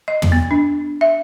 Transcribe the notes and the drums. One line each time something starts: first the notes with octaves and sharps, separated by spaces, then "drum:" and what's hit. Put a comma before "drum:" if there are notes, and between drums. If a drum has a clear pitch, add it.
D#5
drum: tom
B3
D4
E5